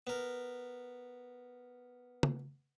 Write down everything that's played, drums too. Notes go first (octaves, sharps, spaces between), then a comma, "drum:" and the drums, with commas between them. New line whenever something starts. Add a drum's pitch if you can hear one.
B3 A#4
drum: tom